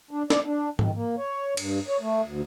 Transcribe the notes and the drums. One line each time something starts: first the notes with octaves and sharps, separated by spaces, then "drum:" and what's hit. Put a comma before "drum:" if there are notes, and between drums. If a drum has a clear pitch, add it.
D4
D5, drum: snare
D4
D#3, drum: tom G#2
A#3
C#5
G2, drum: cymbal
C#5
A3
D2